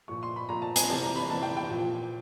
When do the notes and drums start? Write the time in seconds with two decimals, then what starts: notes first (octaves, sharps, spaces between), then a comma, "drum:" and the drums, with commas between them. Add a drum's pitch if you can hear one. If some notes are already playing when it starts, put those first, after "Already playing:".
0.08 A#2 F3 C#6
0.23 C6
0.36 B5
0.49 A#2 F3 A#5
0.62 A5
0.76 G#5, drum: hi-hat
0.90 C3 E3 A5
1.03 A#5
1.16 B5
1.30 C3 E3 A5
1.43 G5
1.57 G5
1.70 A#2 F3